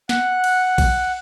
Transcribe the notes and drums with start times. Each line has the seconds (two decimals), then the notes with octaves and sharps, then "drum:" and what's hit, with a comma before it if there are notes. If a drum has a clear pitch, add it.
0.09 F#5, drum: snare
0.44 drum: cymbal
0.78 drum: kick A#1, cymbal